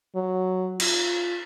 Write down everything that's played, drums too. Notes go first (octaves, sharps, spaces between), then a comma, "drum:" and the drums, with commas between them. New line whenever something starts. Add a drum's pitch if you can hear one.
F#3
F4, drum: cymbal